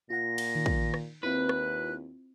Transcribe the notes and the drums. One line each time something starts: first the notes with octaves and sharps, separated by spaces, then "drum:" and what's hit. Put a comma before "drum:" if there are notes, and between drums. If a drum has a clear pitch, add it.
A#2 F4 F#5 A#6
drum: cymbal
D#3
drum: kick
drum: rim click
D#2 C4 E4 F4 B4 F#6
drum: rim click